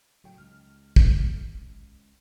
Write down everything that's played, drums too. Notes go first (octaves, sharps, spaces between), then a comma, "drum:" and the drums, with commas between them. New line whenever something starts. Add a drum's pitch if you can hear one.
A2 C#3 F#3 G5
C#2 F6
drum: kick